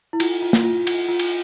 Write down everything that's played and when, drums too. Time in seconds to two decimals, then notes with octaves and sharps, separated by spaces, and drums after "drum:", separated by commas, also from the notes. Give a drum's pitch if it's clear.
0.13 E4
0.20 F4, drum: cymbal
0.42 F4
0.53 drum: snare
0.64 F4
0.87 F4, drum: cymbal
1.08 F4
1.19 drum: cymbal